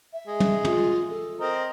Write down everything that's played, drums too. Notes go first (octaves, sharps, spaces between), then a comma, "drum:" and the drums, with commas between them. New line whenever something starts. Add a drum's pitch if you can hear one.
E5
G#3
drum: tom
F4, drum: tom
A4
C4 A#4 D#5